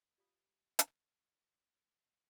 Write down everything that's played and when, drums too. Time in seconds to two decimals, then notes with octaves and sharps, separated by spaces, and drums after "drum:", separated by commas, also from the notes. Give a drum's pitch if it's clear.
0.18 F4 G4 D5 F5 B5 D#6
0.79 drum: hi-hat